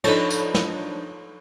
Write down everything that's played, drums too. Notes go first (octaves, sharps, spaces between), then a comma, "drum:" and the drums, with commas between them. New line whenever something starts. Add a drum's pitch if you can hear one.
F3 D4 D#4 A4 B4 C#5, drum: cymbal
drum: tambourine
drum: snare